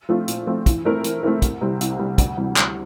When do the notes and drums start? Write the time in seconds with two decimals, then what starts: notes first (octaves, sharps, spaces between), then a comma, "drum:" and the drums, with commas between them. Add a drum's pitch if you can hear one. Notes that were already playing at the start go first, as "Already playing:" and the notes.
0.09 F3 A3 C4 F4
0.28 A#2, drum: hi-hat
0.47 F3 A3 C4 F4
0.66 E3, drum: kick, hi-hat
0.85 A3 C4 E4 A#4
1.04 E3, drum: hi-hat
1.23 A3 C4 E4 A#4
1.42 C2, drum: kick, hi-hat
1.61 C3 G3 C4
1.81 C2, drum: hi-hat
1.99 C3 G3 C4
2.18 D2, drum: kick, hi-hat
2.37 C3 E3 G3
2.57 D2, drum: clap